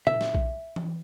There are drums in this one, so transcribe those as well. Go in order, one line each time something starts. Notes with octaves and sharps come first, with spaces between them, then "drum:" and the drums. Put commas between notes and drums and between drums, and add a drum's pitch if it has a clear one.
E5, drum: tom A#2
drum: snare
drum: kick B1
drum: tom E3